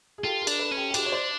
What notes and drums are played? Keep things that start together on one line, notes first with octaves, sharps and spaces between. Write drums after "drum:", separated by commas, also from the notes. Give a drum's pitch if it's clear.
G#4
F4 G4 A4
G#4 A#4
D4, drum: cymbal
A4 B4
C#4
G4 A4
G4
D4 F#4 G#4, drum: cymbal
C#5
C5 D5